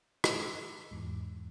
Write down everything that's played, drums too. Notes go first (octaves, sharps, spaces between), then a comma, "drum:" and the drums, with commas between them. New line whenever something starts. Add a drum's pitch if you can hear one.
D6 E6, drum: rim click
E2 G#2